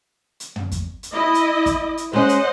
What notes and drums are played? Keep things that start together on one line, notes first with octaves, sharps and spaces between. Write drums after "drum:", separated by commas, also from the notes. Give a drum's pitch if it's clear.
drum: hi-hat
drum: tom
drum: kick, hi-hat
drum: hi-hat
E4 D#5
drum: hi-hat
drum: kick, hi-hat
drum: hi-hat
G#3 C#4 C5 D#5 F#5
drum: hi-hat